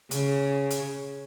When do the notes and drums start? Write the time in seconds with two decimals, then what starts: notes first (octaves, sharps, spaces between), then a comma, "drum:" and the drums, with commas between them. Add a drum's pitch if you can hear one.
0.11 C#3, drum: hi-hat
0.71 drum: hi-hat